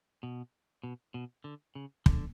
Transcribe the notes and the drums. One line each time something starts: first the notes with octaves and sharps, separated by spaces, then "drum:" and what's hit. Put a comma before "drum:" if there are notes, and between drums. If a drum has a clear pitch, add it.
B2
B2
B2
D3
C#3
D3, drum: kick